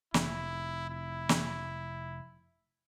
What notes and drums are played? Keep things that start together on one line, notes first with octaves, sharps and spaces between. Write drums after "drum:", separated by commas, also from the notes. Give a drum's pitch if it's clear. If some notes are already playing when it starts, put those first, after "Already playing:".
F1 E4, drum: snare
E4
drum: snare